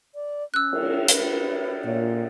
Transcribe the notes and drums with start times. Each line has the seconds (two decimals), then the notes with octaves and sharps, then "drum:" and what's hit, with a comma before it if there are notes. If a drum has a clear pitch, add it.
0.15 D5
0.54 C#4 E6 F#6
0.73 drum: cymbal
1.08 B4, drum: hi-hat
1.84 A#2 C#5